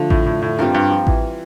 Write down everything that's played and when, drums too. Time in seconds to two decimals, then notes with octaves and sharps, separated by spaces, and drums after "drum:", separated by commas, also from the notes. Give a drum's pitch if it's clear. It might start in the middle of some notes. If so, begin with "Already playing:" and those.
Already playing: D3 F3 A3
0.10 A2, drum: kick A1
0.26 A2
0.42 A2
0.59 G2 G3 C4 F4 A#4
0.74 G2
0.91 F3
1.07 E3, drum: kick A1